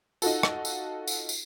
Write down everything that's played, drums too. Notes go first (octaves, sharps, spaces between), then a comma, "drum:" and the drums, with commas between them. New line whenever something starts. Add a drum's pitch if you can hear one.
D#4 F4 F#4 A4, drum: tambourine
drum: rim click
drum: tambourine
drum: tambourine
drum: tambourine